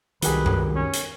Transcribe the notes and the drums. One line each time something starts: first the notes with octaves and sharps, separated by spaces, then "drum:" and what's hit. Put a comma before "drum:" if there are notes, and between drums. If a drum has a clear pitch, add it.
C2 D#3 F#3 G4 G#4 B4, drum: hi-hat
drum: tom F#2
C#4
drum: hi-hat